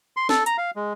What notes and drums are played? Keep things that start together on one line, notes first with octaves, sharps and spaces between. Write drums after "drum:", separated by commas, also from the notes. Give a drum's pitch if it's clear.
C6
A4, drum: snare
A#5, drum: hi-hat
F5
G#3